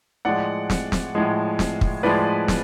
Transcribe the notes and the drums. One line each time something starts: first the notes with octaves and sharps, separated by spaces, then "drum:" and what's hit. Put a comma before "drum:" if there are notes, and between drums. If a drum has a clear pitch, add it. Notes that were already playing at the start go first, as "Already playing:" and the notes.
A2 F3 G#3 D5 F#5
drum: snare
drum: snare
A2 F3 G#3
drum: snare
drum: kick
A2 F3 G#3 B4 D5
drum: snare